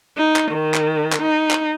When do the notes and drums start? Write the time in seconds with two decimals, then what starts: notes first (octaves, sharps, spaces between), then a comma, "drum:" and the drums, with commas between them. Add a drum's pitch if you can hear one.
0.17 D#4
0.36 drum: clap
0.51 D#3
0.74 drum: clap
1.12 drum: clap
1.22 D#4
1.51 drum: clap